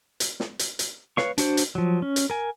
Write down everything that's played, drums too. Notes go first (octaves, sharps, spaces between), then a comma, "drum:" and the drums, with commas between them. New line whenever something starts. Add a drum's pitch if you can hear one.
drum: hi-hat
drum: snare
drum: hi-hat
drum: hi-hat
B4 C#5 F5 C#6, drum: snare
D4 F#4 C5, drum: hi-hat
drum: hi-hat
F3 F#3
C#4
drum: hi-hat
A#4 G#5